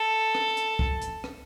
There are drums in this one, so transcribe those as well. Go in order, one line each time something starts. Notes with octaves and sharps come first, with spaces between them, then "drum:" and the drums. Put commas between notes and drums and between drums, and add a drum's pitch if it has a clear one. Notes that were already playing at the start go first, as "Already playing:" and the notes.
Already playing: A4
drum: rim click
drum: hi-hat
drum: kick
drum: hi-hat
drum: rim click